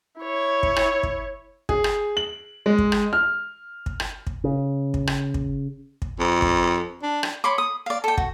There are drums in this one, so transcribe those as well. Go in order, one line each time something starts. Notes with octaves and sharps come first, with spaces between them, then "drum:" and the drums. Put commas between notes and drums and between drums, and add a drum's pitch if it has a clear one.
E4 C#5
drum: kick
drum: rim click
drum: kick
G#4, drum: kick
drum: rim click
F#7
G#3
drum: kick
drum: rim click
F6
drum: kick
drum: rim click
drum: kick
C#3
drum: kick
drum: rim click
drum: kick
drum: kick
F2
drum: kick
D4
drum: rim click
C#5 B5 C6 D6
D#6
D5 F5
A4 G5
F#4, drum: kick